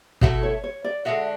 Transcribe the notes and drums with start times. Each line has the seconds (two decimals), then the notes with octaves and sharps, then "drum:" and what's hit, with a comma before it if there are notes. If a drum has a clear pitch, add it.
0.21 B2 A3 E4 F#4 A4, drum: kick
0.43 C#5
0.64 C#5
0.84 D5
1.05 D3 G#3 D4 F#4 E5